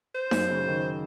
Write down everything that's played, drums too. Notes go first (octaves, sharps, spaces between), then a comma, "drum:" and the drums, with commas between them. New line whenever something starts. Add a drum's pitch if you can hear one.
C5
F#2, drum: snare D#4
C#3
D#3